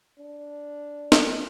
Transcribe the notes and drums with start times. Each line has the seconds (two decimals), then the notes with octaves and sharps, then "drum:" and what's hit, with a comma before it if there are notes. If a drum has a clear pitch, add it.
0.20 D4
1.12 drum: snare